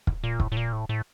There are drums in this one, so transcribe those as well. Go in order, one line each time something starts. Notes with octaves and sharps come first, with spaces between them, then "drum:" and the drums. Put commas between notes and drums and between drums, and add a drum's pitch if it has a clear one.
drum: kick
A#2
A2, drum: kick
A2
A#2
A2
A2